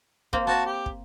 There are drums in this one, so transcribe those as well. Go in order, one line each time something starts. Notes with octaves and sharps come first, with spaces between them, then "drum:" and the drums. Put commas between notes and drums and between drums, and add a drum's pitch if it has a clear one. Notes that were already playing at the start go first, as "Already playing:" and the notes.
A#3 C4, drum: kick
C4 F#4 A5
G4
drum: kick